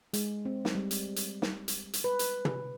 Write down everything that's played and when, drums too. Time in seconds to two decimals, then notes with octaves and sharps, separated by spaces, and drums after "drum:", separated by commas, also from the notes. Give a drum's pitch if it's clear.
0.13 G#3, drum: hi-hat
0.45 C4
0.65 drum: snare
0.75 G3
0.91 drum: hi-hat
1.16 drum: hi-hat
1.42 drum: snare
1.68 drum: hi-hat
1.93 drum: hi-hat
2.04 B4
2.19 drum: hi-hat
2.45 drum: tom